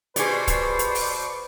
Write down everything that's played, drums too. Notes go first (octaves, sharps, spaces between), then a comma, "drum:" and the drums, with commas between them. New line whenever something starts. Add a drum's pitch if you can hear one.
B2 G4 G#4 C5 D5 C#6 D6, drum: hi-hat
drum: kick, hi-hat
drum: hi-hat
drum: open hi-hat